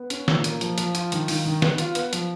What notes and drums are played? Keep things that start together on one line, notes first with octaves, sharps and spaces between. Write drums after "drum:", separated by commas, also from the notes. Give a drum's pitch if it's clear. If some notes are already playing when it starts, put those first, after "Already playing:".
Already playing: B3
C#4, drum: hi-hat
A#2, drum: snare
A#3, drum: hi-hat
F3, drum: hi-hat
F3, drum: hi-hat
F4, drum: hi-hat
D#3, drum: hi-hat
D#3, drum: open hi-hat
D#3
B3, drum: snare
F4, drum: hi-hat
B3, drum: hi-hat
F3, drum: hi-hat